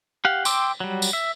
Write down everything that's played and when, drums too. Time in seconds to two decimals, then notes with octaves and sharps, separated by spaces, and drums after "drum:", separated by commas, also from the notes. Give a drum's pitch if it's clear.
0.25 G4 F5 F#5
0.45 G5 C6 D6 E6, drum: tambourine
0.80 F#3 G3
1.02 drum: tambourine
1.13 E5